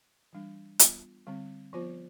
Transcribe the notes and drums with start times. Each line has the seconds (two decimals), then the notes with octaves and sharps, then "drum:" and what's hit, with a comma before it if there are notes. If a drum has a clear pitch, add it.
0.33 E3 G3 D4
0.79 G3 B3 F4, drum: hi-hat
1.27 D3 G3 C4
1.73 F3 B3 F4 C5